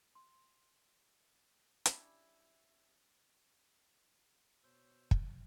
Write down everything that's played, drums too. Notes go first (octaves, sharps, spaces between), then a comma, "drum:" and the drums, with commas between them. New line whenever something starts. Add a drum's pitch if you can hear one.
C6
G3 C#4 D4 E4, drum: hi-hat
B2 C5 C#5 E6
drum: kick